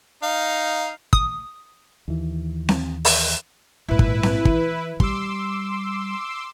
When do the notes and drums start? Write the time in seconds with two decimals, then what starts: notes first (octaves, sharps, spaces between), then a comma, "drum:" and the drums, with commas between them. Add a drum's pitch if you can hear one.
0.23 D#4 F5
1.13 D#6, drum: kick
2.08 D#2 E3
2.69 drum: snare C4
3.05 drum: open hi-hat
3.89 A#1 G#2 E4 B4
3.99 drum: kick
4.23 drum: snare C4
4.45 E3, drum: kick
5.00 G3 C6 D6 E6, drum: kick